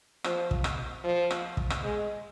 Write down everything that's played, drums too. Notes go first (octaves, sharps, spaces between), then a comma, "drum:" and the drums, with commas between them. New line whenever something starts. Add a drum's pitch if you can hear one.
F3, drum: rim click
drum: kick
drum: rim click
F3
drum: rim click
drum: kick
drum: rim click
G#3